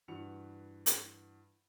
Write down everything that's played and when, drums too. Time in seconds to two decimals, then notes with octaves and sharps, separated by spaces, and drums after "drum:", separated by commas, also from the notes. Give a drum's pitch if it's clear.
0.08 G2 E3 F#4 C#7 F7
0.86 drum: hi-hat